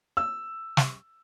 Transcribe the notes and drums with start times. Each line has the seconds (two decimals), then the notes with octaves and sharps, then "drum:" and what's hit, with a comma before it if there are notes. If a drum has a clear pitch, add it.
0.17 E6
0.77 drum: snare